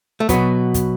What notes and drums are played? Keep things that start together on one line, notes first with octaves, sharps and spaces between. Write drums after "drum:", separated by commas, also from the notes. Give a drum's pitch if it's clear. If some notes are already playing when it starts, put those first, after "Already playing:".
A3
B2 F#3 B3, drum: kick, hi-hat
drum: kick, hi-hat